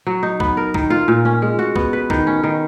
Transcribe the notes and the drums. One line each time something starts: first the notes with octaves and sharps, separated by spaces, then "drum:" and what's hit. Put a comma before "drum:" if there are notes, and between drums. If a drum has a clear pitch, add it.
F#3
D#4
B3, drum: kick
A#4
D#3, drum: kick
F4
A#2
C#4
G#3
F#4
B3, drum: kick
B4
D#3, drum: kick
C#4
D#3